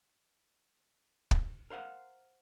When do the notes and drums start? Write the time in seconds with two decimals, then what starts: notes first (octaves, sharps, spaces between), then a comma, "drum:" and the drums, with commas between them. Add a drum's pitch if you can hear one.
1.31 drum: kick
1.70 A#4 C5 F5 F#5